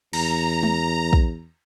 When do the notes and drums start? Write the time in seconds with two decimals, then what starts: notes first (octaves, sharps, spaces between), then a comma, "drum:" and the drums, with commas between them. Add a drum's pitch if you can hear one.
0.13 E2 A#5, drum: cymbal
0.63 drum: tom G#3
1.13 drum: kick